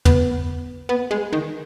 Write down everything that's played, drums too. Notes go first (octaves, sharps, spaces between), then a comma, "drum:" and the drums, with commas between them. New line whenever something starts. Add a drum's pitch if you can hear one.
B3, drum: tom
B3
G#3
D#3